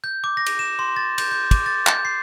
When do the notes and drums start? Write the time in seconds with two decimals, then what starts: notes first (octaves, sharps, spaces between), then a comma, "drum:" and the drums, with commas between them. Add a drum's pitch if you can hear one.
0.04 G6
0.24 D6
0.37 A#6
0.46 drum: cymbal
0.59 E7
0.79 C6
0.96 A6
1.18 G6, drum: cymbal
1.31 G6
1.51 D6, drum: kick, cymbal
1.66 A6
1.87 G6, drum: clap
2.05 C7